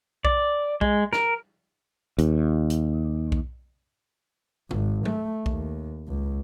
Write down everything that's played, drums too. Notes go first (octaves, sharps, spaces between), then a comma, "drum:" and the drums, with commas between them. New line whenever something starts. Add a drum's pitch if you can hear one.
D5, drum: kick B1
G#3, drum: kick B1
A#4, drum: snare
D#2, drum: hi-hat
drum: hi-hat
drum: kick B1
G#1, drum: tom
A3, drum: tom F#3
D#2, drum: kick B1
C#2